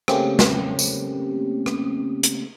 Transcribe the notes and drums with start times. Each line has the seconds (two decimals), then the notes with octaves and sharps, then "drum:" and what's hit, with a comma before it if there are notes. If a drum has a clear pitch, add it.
0.08 C#3 A3 A#3 C4 C#4 G4, drum: rim click
0.39 drum: snare
0.79 drum: tambourine
1.66 drum: rim click
2.23 drum: hi-hat